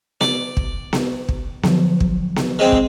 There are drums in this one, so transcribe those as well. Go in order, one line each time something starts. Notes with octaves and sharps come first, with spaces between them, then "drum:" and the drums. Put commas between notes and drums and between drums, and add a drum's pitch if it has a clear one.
D5, drum: snare B3
drum: kick
drum: snare B3
drum: kick
D3 F3 F#3, drum: snare B3
drum: kick
drum: snare B3
G#3 C4
drum: kick